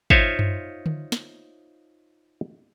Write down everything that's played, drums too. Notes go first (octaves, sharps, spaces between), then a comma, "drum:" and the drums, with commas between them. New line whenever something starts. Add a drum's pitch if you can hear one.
D#4 F4 C5 C#5 E5 F5, drum: kick
drum: tom F#2
drum: tom D3
drum: snare